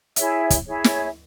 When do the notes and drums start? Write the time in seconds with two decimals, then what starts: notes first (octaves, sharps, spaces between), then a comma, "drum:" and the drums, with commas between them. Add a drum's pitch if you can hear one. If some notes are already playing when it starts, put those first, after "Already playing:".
0.16 E4 G#4 C#5 E5, drum: hi-hat
0.50 drum: kick, hi-hat
0.67 E4 G#4 C#5 E5
0.84 drum: snare